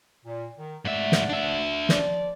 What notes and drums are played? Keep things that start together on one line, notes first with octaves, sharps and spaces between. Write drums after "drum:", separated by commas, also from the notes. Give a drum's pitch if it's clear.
A#2
D#3
G#2 A3 D5 E5 F#5
drum: snare
D4 E5
F3 D5, drum: snare